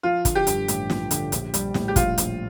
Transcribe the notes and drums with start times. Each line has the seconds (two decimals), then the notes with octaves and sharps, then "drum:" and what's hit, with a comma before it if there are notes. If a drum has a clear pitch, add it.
0.03 F3 F4
0.25 D3, drum: kick, hi-hat
0.35 G4
0.47 G2, drum: hi-hat
0.68 A1, drum: hi-hat
0.90 F3, drum: snare
1.11 D3, drum: hi-hat
1.32 A#1, drum: hi-hat
1.54 G3, drum: hi-hat
1.74 A2, drum: snare
1.88 G4
1.96 A#1 F4, drum: kick, hi-hat
2.18 A#1, drum: hi-hat